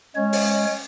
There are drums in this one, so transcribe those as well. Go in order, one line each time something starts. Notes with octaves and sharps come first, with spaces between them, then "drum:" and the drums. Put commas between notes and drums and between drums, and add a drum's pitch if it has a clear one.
G#3 C#4 C#5
drum: open hi-hat